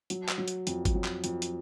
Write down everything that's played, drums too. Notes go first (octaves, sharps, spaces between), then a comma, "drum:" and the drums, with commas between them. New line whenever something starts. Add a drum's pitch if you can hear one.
F#3, drum: hi-hat
drum: clap
F#3
drum: hi-hat
F2, drum: hi-hat
drum: kick, hi-hat
F#3
drum: clap
F2, drum: hi-hat
drum: hi-hat